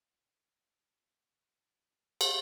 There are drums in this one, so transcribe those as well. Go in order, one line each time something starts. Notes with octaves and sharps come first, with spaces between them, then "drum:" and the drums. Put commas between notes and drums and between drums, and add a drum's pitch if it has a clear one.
C#3 G4 C#6 A#6
drum: cymbal